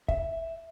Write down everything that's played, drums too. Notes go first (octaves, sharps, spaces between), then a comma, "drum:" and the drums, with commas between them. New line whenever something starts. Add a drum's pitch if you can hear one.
E5, drum: kick